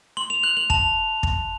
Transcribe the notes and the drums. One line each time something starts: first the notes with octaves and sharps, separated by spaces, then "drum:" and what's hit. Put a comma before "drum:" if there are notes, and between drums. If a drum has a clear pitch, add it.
C6 F#7
F7
F#6 F#7
F#7
A5 F7, drum: kick
drum: kick